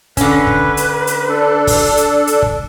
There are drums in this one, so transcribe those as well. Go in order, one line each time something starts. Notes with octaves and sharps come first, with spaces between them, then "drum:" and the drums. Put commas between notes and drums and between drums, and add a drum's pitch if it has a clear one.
D3 C#4 B4, drum: kick, hi-hat
drum: kick
drum: hi-hat
drum: hi-hat
D4 A4
drum: kick, open hi-hat
drum: hi-hat
drum: hi-hat
drum: kick